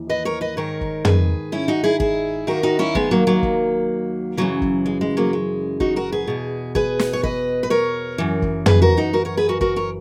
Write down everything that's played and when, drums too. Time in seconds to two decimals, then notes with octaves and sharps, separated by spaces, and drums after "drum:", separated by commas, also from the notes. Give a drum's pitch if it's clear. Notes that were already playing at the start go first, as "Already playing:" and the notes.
Already playing: D#2 E3
0.09 B4 D#5
0.25 A#4 C#5
0.41 B4 D#5
0.57 G#2 D#3 A#4 C#5
0.81 drum: kick
1.05 G#4 B4, drum: tom
1.52 C#4 E4
1.68 D#4 F#4
1.84 E4 G#4
2.00 E4 G#4, drum: kick
2.47 D#2 D#3 F#4 A#4
2.63 D#4 F#4
2.79 C#4 E4
2.95 G#3 B3, drum: kick
3.11 F#3 A#3
3.27 F#3 A#3
3.43 drum: kick
4.37 F#2 C#3 E3 F#3
4.62 drum: kick
4.86 G#3
5.01 G#3
5.17 F#3 A#3
5.33 G#3
5.80 D#4 F#4, drum: kick
5.96 F#4 A#4
6.12 G#4 B4
6.27 E2 B2
6.75 G#4 B4, drum: kick
6.99 drum: snare
7.13 C#5
7.23 B4 D#5, drum: kick
7.63 B4
7.70 A#4 C#5
8.18 F#2 E3
8.42 drum: kick
8.66 G#4 B4, drum: tom
8.82 F#4 A#4
8.97 D#4 F#4
9.13 F#4 A#4
9.25 A#4 C#5
9.37 G#4 B4
9.49 F#4 A#4
9.61 F#4 A#4, drum: kick
9.76 A#4 C#5